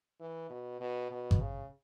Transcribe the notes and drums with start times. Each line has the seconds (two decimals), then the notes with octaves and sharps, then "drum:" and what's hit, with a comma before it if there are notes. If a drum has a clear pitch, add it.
0.20 E3
0.50 B2
0.81 B2
1.11 B2
1.31 drum: kick G#1
1.41 C#3